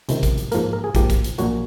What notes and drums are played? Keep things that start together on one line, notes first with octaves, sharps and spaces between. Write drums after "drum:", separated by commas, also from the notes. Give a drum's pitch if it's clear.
C#2 C3 D#3, drum: hi-hat
drum: kick, hi-hat
drum: hi-hat
G#2 F3 A#3 A#4, drum: hi-hat
A#4
G#4
G#2 F3 A#3 G4, drum: kick, hi-hat
drum: kick, hi-hat
drum: hi-hat
A#1 A#2 F#3 A#3 F#4, drum: hi-hat